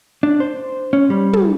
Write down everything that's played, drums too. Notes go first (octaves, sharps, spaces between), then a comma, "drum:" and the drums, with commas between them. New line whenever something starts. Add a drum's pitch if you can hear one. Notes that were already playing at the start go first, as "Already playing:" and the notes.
D4
C5
C#4
G3
drum: tom